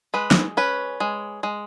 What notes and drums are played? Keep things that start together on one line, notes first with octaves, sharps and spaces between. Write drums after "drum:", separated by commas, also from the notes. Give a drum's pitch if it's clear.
G#3 B4
drum: snare
C#4 B4
G#3
G#3